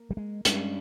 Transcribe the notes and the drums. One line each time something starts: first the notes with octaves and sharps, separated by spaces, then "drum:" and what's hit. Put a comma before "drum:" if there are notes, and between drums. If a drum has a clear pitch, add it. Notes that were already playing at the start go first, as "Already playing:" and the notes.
Already playing: A#3
G3
G#3
G2 G3 G#3 C#4, drum: hi-hat